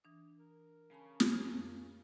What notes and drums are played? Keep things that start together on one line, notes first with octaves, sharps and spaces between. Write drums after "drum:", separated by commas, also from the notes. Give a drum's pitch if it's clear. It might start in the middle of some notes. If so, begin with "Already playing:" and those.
E3 D4 D#6
A#4
C#3 G#5 A5 B5
drum: snare
F2 G6